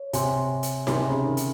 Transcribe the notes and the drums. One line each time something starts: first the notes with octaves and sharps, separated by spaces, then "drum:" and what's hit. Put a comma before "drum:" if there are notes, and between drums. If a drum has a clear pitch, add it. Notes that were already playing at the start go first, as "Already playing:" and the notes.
Already playing: C#5
C3 C#5 G#5 C6, drum: hi-hat
drum: hi-hat
C3 C#5 G#5 C6, drum: snare D#4
C#3
D#3
drum: hi-hat